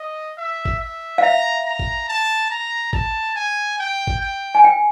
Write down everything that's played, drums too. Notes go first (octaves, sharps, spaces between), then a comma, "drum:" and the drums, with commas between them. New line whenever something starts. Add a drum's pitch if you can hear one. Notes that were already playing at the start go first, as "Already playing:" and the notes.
Already playing: D#5
E5
drum: kick G#1
E5
F5
E5 A#5
A#5
drum: kick G#1
A5
A#5
A5, drum: kick G#1
G#5
G5
drum: kick G#1
G5
G#5
G5